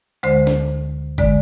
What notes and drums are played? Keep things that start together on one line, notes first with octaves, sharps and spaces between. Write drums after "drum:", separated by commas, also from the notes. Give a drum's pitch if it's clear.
D2 D3 G#3 C5
drum: snare
D3 G#3 D5, drum: kick G1